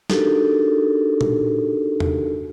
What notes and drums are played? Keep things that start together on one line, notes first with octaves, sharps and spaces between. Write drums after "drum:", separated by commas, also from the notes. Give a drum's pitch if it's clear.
D4 D#4 F#4 G4 A4 A#4, drum: snare
drum: tom A#2
drum: tom E2